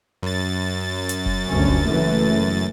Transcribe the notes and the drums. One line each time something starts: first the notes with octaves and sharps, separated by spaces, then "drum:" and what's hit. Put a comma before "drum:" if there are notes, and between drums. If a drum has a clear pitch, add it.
F#2 A6
drum: hi-hat
drum: kick F1
G1 D2 C#4
drum: kick F1
F#1 E3 A3